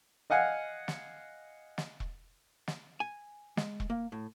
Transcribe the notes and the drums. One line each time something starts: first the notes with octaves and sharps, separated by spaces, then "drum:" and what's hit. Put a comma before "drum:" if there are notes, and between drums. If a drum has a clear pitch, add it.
D#5 F5 F#5 G#5
drum: snare
drum: snare
drum: kick E1
drum: snare
G#5
G#3, drum: snare
drum: kick E1
A#3
A2